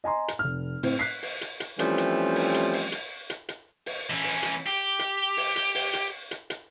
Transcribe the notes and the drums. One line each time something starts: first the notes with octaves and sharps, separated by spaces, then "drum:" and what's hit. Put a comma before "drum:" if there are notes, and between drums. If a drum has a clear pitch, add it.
D#5 G#5 A#5 C6
drum: hi-hat
F1 F6
A2 C4, drum: open hi-hat
F#6 B6 C7
drum: open hi-hat
drum: hi-hat
drum: hi-hat
E3 F3 G3 A3 C4 C#4, drum: hi-hat
drum: hi-hat
drum: open hi-hat
drum: hi-hat
drum: open hi-hat
drum: hi-hat
drum: hi-hat
drum: hi-hat
drum: open hi-hat
E3 C#4
drum: open hi-hat
drum: hi-hat
G4
drum: hi-hat
drum: open hi-hat
drum: hi-hat
drum: open hi-hat
drum: hi-hat
drum: hi-hat
drum: hi-hat